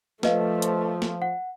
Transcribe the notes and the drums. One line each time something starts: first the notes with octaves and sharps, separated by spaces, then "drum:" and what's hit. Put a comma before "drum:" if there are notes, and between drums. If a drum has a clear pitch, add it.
F3 A3 B4 D#5 F5, drum: snare
drum: hi-hat
drum: snare
F#5